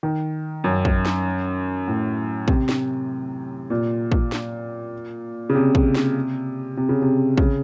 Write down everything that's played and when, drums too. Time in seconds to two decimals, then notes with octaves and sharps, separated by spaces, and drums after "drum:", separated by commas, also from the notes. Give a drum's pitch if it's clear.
0.03 D#3
0.64 F#2
0.85 drum: kick
1.05 drum: snare
1.88 A2
2.48 C3, drum: kick
2.69 drum: snare
3.70 A#2
4.12 drum: kick
4.32 drum: snare
5.50 C#3
5.55 C3
5.75 drum: kick
5.95 drum: snare
6.77 C3
6.89 C#3
7.02 C3
7.37 C#3, drum: kick